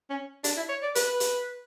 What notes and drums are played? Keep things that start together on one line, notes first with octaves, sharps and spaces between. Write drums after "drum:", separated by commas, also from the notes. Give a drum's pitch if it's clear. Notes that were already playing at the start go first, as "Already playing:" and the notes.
C#4
D4, drum: hi-hat
E4
C#5
D5
B4, drum: hi-hat
drum: hi-hat